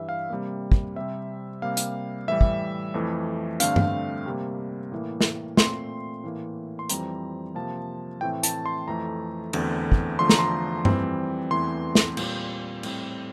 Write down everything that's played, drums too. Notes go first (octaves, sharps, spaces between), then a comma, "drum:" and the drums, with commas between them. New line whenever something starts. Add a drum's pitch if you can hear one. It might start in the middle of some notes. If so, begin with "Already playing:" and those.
Already playing: G2 E3 G3 E5
F5
C3 G3 A#3
drum: kick
C3 G3 C4 E5
C3 G3 A#3 F5
drum: hi-hat
A2 E3 G3 E5
drum: kick
F2 E3 A3
G2 D3 A3 C4 F5, drum: hi-hat
drum: tom G2
C3 G3 A#3
A2 E3 A#3
drum: snare
A#2 A3 C4 C6, drum: snare
A2 E3 A#3
C6
F2 E3 G3 C4 A#5, drum: hi-hat
C3 F3 A#3 A5
A2 E3 A3 C4 G5
A5, drum: hi-hat
C6
F2 E3 A3 A#5
E2 D3 A3 C4, drum: cymbal
drum: kick
E2 D3 F3 A3 C6
A#5, drum: snare
C6
F2 E3 G3 C4, drum: tom G2
E2 E3 A3 C4 C6
drum: snare
A#2 G3 C4, drum: cymbal
A2 G3 C4, drum: cymbal